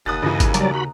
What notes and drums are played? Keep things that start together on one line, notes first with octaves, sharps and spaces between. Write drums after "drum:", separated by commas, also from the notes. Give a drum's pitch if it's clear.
F#1 D#2 D#6 F#6 A6
G2 C#3 E3 D#5
drum: kick, hi-hat
C#3 F#3 G3 D5 A#5, drum: hi-hat
F#4 B5